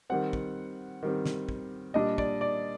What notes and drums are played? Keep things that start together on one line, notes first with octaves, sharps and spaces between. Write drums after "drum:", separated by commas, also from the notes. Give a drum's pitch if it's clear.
D#3 G3 C4 F#5
drum: kick
D#3 G3 C4
drum: snare
drum: kick
A#2 G3 D4 D#5
D5, drum: kick
D5